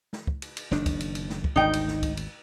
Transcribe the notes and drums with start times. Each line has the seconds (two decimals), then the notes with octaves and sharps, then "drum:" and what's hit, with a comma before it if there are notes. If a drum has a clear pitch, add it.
0.13 drum: snare
0.27 drum: kick
0.42 drum: cymbal
0.57 drum: cymbal
0.71 F#1 D#3 D4, drum: snare
0.86 drum: kick, cymbal
1.00 drum: cymbal
1.15 drum: cymbal
1.30 drum: snare
1.44 drum: kick
1.56 G#1 D2 D#4 G5
1.73 drum: cymbal
1.88 drum: snare
2.03 drum: kick, cymbal
2.17 drum: cymbal